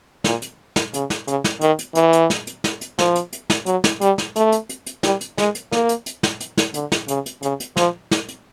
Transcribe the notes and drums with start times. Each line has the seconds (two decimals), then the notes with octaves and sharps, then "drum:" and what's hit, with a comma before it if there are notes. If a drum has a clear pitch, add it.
0.24 A#2, drum: snare
0.42 drum: hi-hat
0.76 drum: snare
0.94 C#3, drum: hi-hat
1.10 drum: snare
1.28 C#3, drum: hi-hat
1.44 drum: snare
1.61 D#3, drum: hi-hat
1.79 drum: hi-hat
1.95 E3, drum: hi-hat
2.13 drum: hi-hat
2.30 drum: snare
2.47 drum: hi-hat
2.64 drum: snare
2.81 drum: hi-hat
2.99 F3, drum: snare
3.15 drum: hi-hat
3.33 drum: hi-hat
3.50 drum: snare
3.66 F#3, drum: hi-hat
3.84 drum: snare
4.01 G3, drum: hi-hat
4.18 drum: snare
4.36 A3, drum: hi-hat
4.52 drum: hi-hat
4.69 drum: hi-hat
4.86 drum: hi-hat
5.03 G3, drum: snare
5.21 drum: hi-hat
5.38 G#3, drum: snare
5.55 drum: hi-hat
5.72 A#3, drum: snare
5.89 drum: hi-hat
6.06 drum: hi-hat
6.23 drum: snare
6.40 drum: hi-hat
6.58 drum: snare
6.74 D3, drum: hi-hat
6.92 drum: snare
7.08 C#3, drum: hi-hat
7.26 drum: hi-hat
7.43 C#3, drum: hi-hat
7.60 drum: hi-hat
7.77 F3, drum: snare
8.11 drum: snare
8.29 drum: hi-hat